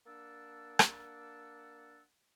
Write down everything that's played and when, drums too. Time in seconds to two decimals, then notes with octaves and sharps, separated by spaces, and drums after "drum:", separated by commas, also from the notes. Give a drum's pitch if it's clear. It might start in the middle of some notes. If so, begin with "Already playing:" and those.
0.07 A#3 D4 D5 F#5 A5 E6
0.79 drum: rim click